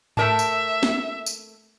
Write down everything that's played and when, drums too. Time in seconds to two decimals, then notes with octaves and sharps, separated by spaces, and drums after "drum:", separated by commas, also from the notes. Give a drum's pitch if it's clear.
0.17 A3 A#4 E5 A5, drum: tom G#2
0.39 drum: tambourine
0.83 drum: snare
1.26 drum: tambourine